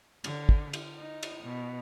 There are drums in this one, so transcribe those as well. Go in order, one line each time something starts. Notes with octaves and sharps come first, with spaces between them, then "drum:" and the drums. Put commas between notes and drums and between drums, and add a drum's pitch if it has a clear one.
D3, drum: cymbal
drum: kick
drum: cymbal
D#4
drum: cymbal
B2